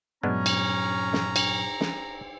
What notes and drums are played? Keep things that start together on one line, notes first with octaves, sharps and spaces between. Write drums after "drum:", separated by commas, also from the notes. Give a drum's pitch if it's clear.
G2 A#2 F#3 G#3 B3 C#4 D4 A#5
drum: cymbal
drum: snare
drum: cymbal
drum: snare